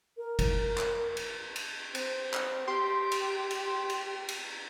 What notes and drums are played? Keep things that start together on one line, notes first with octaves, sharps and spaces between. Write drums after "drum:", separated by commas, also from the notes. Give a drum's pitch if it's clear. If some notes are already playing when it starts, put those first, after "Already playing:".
A#4
drum: kick F#1, cymbal
drum: clap
drum: cymbal
drum: cymbal
C4, drum: cymbal
drum: clap
G4 C6
drum: cymbal
drum: cymbal
drum: cymbal
drum: cymbal